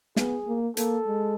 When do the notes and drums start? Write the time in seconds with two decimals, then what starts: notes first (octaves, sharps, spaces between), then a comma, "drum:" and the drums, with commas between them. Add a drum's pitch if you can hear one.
0.16 B3 G#4, drum: snare
0.47 A#3
0.77 A#3 A4, drum: hi-hat
1.07 G#3